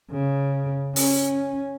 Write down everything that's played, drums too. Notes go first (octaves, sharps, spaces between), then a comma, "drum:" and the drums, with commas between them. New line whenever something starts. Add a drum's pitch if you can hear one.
C#3
C#4, drum: open hi-hat